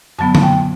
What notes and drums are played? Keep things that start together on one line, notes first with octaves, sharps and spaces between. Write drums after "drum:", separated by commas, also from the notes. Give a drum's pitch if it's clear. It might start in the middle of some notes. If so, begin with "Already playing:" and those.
F#2 D3 F#3 B3 A5
A5, drum: tom D3
G5